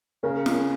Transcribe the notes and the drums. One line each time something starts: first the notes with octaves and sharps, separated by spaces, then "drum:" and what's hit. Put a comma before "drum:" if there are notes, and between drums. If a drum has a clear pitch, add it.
C#3 A#4
drum: snare